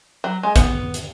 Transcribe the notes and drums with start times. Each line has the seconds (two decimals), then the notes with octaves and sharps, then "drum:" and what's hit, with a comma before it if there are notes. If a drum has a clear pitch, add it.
0.24 F#3
0.43 G#3
0.56 B3, drum: kick, hi-hat
0.94 drum: hi-hat